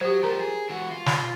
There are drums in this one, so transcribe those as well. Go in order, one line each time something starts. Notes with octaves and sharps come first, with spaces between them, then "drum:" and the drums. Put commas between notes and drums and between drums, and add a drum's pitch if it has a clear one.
F#3 G4 C5
F3 G4 A#4 A#5
G#4
E3 F#4
F4
drum: snare